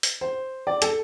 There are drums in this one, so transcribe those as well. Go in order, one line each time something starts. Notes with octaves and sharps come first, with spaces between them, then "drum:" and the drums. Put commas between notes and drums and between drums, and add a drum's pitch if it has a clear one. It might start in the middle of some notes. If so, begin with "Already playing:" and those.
drum: open hi-hat
C5
D5
A4, drum: hi-hat